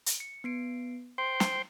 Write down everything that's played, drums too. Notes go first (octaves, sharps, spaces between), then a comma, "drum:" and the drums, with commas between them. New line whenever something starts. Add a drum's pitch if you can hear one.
drum: hi-hat
C#7
B3 C7 D7
C5 G5 C6
drum: snare